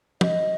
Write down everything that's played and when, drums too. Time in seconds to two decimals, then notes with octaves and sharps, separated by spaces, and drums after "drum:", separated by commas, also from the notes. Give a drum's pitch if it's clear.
0.21 D#5, drum: tom